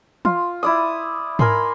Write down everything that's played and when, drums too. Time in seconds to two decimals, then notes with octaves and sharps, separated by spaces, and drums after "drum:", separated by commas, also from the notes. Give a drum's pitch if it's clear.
0.25 F4, drum: tom
0.63 E4 D5 D#6
1.39 A#4 G#5 B5 C6, drum: tom G#2